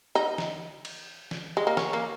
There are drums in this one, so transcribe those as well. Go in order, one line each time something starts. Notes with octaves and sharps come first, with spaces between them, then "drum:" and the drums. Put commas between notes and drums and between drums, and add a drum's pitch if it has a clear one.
D#4
drum: snare
drum: cymbal
drum: snare
G#3
A#3
C#4, drum: snare
A#3